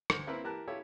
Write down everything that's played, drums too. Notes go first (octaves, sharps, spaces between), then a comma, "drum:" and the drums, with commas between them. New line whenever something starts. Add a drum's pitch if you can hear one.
D2 C5, drum: rim click
A#3 C4 E4 A#4 B4
E3 G4 A#4 A5 F#6
E4 F4 G4 A4 C#5